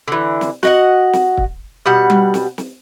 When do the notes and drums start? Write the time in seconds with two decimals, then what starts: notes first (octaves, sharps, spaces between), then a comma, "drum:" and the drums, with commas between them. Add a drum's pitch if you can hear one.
0.08 D3 E3
0.41 drum: snare
0.63 F#4 D#5 F#5, drum: snare
1.13 drum: snare
1.37 drum: kick
1.86 B2 G3 F#5
2.10 drum: tom G3
2.34 drum: snare
2.58 drum: snare